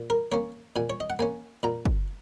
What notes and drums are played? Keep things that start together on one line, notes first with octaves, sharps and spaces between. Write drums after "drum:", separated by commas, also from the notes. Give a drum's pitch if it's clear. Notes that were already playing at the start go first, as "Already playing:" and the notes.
Already playing: A#2
A#4
A#3 C#4 C#5
A#2 G#5
C#5
D#5
F#5
A#3 C#4 G#5
A#2 A#5
drum: kick